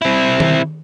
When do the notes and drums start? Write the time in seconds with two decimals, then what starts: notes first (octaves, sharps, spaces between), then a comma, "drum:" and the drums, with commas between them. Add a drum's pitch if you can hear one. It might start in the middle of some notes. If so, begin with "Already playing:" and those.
0.02 C4 E4
0.40 drum: tom D#3